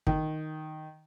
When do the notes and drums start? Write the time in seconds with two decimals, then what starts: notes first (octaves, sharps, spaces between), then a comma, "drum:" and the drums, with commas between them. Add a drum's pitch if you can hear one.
0.07 D#3, drum: kick